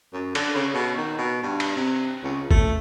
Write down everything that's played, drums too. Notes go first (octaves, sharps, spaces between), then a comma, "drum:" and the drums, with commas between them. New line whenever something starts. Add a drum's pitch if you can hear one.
F#2
D3, drum: cymbal
C#3
B2
D#3
B2
G2
drum: cymbal
C3
C#2
A3, drum: kick A1